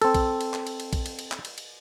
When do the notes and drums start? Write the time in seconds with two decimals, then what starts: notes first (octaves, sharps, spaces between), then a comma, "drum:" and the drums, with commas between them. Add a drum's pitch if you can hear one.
0.02 C4 A4, drum: cymbal
0.15 drum: kick A#1, cymbal
0.41 drum: cymbal
0.54 drum: clap
0.67 drum: cymbal
0.80 drum: cymbal
0.93 drum: kick A#1, cymbal
1.06 drum: cymbal
1.19 drum: cymbal
1.32 drum: clap
1.45 drum: cymbal
1.58 drum: cymbal